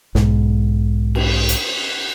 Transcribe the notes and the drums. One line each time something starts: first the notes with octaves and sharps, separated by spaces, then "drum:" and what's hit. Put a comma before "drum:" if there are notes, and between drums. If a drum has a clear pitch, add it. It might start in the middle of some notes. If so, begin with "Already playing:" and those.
B1 G#2, drum: snare
drum: cymbal
drum: hi-hat